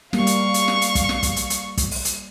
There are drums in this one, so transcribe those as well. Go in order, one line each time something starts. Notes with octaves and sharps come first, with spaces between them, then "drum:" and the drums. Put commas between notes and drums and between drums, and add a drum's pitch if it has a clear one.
G3 A#3 F5 C#6, drum: snare
drum: hi-hat
drum: hi-hat
drum: snare
drum: hi-hat
drum: kick, hi-hat
drum: snare
drum: kick, hi-hat
drum: hi-hat
drum: hi-hat
drum: kick, hi-hat
drum: open hi-hat
drum: hi-hat